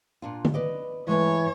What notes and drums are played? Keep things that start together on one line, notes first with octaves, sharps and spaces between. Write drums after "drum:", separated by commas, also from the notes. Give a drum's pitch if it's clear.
A#2 D4 F4
drum: tom D3
B4 D5 D#5
E3 G#3 A3 B4 C#5